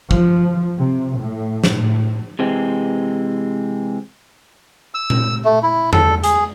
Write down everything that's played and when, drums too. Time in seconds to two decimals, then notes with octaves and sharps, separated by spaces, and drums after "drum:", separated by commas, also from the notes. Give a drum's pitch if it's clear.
0.11 F3, drum: kick
0.76 C3
1.19 A2
1.64 drum: snare
1.75 A2
2.39 C3 E3 G#3 C4
4.94 E6
5.10 drum: tom A#2
5.45 A3
5.63 E4
5.93 A4, drum: tom E2
6.24 G#4, drum: hi-hat